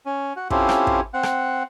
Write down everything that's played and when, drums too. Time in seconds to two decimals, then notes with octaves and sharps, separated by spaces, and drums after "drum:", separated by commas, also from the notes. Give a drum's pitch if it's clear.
0.06 C#4
0.36 F#4 F#5
0.50 C4 C#4 E4 F4 G4 A4, drum: kick
0.69 drum: rim click
0.87 drum: kick
1.14 C4 F#5
1.23 drum: rim click